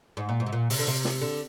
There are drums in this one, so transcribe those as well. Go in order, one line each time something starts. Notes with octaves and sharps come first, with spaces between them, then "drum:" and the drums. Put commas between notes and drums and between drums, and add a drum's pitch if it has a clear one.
G#2
A#2
G#2
C3
A#2
C3, drum: open hi-hat
D3
C3
drum: snare
D3